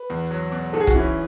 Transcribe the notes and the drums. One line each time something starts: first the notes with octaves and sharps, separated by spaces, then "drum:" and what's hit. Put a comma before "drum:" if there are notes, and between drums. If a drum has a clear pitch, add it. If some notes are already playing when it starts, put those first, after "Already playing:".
Already playing: B4
E2
F#3
B2
G#2 A4
G#4
F#4, drum: kick
E3 C#4 E4